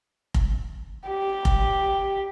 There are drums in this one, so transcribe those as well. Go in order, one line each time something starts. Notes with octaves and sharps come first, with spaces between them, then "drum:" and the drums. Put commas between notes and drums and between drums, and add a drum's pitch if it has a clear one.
drum: kick F1
G4
drum: kick F1